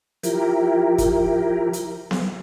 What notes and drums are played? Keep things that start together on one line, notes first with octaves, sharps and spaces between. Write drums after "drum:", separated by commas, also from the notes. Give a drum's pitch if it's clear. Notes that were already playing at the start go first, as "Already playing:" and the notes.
F3 E4 G4 A#4, drum: hi-hat
drum: kick, hi-hat
drum: hi-hat
drum: snare B3